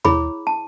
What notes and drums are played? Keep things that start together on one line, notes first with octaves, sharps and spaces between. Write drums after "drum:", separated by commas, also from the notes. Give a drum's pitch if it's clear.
E4 G#4 C#5 B5, drum: tom D#2
A5